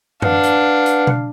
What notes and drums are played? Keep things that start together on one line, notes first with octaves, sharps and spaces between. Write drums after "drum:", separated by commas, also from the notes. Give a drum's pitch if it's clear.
D4 B4 F5 F#5, drum: tom F#2
drum: hi-hat
drum: hi-hat
drum: tom B2